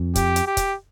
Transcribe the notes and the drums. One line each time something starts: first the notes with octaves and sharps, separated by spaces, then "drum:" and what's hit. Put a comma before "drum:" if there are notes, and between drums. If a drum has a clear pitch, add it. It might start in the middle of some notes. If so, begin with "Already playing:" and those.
Already playing: F2
G4, drum: kick, hi-hat
drum: hi-hat
G4
drum: kick, hi-hat